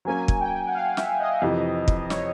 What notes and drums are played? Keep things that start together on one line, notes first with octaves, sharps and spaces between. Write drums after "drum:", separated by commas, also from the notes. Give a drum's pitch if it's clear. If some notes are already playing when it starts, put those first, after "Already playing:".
F#3 A#3 C#4 G#5
drum: kick
G5
F#5
F5
E5, drum: snare
D#5
F2 C3 E3
drum: kick
C#5, drum: snare